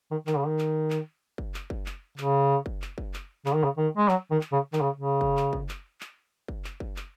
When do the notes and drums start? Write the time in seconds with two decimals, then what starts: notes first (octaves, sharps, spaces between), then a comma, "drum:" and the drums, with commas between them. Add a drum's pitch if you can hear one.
0.11 D#3
0.27 D#3, drum: clap
0.37 C#3
0.47 D#3
0.59 drum: clap
0.90 drum: clap
1.38 drum: kick
1.54 drum: clap
1.70 drum: kick
1.86 drum: clap
2.18 C#3, drum: clap
2.66 drum: kick
2.82 drum: clap
2.98 drum: kick
3.14 drum: clap
3.46 C#3, drum: clap
3.55 D#3
3.64 C#3
3.77 D#3
3.97 G#3
4.09 F#3, drum: clap
4.31 D#3
4.41 drum: clap
4.52 C#3
4.73 D#3, drum: clap
4.81 C#3
4.96 C#3
5.21 drum: kick
5.37 drum: clap
5.53 drum: kick
5.69 drum: clap
6.01 drum: clap
6.48 drum: kick
6.64 drum: clap
6.80 drum: kick
6.96 drum: clap